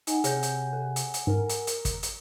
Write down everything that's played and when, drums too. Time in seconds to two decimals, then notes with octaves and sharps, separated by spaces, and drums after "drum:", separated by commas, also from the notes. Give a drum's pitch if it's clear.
0.07 D#4 F#5 G#5, drum: hi-hat
0.24 C3 G#4 C#5 G6, drum: hi-hat
0.43 drum: hi-hat
0.73 A4
0.96 drum: hi-hat
1.14 drum: hi-hat
1.27 G#2 A#4
1.49 drum: hi-hat
1.67 drum: hi-hat
1.85 drum: kick, hi-hat
2.03 drum: hi-hat